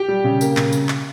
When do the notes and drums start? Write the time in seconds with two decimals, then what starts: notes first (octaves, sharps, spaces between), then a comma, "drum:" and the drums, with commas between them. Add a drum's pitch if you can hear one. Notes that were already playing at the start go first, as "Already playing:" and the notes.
Already playing: G4 G5
0.08 G3
0.24 C#3
0.41 A#3, drum: tambourine
0.57 C#3, drum: clap
0.73 drum: tambourine
0.89 drum: clap